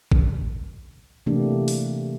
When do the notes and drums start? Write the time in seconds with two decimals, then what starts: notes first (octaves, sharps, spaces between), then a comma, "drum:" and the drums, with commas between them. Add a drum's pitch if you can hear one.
0.12 drum: kick G#1
1.26 C3 E3 A3 A#3 D4 G4
1.68 drum: open hi-hat